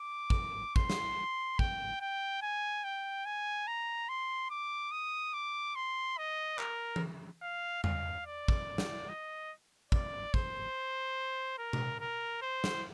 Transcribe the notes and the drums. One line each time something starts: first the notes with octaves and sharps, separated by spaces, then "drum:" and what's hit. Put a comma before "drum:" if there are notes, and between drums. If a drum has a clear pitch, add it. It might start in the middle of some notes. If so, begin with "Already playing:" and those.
Already playing: D6
drum: kick
C6, drum: kick
drum: snare
G5, drum: kick
G5
G#5
G5
G#5
A#5
C6
D6
D#6
D6
C6
D#5
A#4, drum: clap
drum: tom E3
F5
F5, drum: tom E2
D5
drum: kick
drum: snare
D#5
D5, drum: kick
C5, drum: kick
A#4
drum: tom B2
A#4
C5
drum: snare